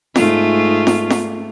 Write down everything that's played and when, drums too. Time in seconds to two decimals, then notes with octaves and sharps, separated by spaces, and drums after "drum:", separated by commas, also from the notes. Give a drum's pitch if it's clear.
0.16 G#2 A3 F4, drum: snare F4
0.87 drum: snare F4
1.10 drum: snare F4